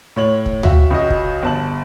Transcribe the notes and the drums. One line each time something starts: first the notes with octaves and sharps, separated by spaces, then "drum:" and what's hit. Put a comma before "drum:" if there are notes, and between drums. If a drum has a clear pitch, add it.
A2 C#5 F#7
drum: kick
F#4 E5 F5 G5, drum: tom
C#2 F#4 D#5
drum: kick
G1 A5 F#7